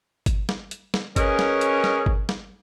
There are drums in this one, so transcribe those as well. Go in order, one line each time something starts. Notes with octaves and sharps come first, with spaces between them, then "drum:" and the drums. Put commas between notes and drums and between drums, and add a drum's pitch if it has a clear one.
drum: kick G1, hi-hat
drum: snare
drum: hi-hat
drum: snare
C#4 G#4 A#4 B4 C#5 D#5, drum: kick G1, hi-hat
drum: snare
drum: hi-hat
drum: snare
drum: kick G1
drum: snare